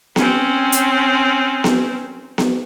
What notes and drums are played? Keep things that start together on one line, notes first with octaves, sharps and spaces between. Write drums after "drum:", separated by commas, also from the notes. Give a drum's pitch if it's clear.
C4 C#4, drum: snare B3
drum: hi-hat
drum: snare B3
drum: snare B3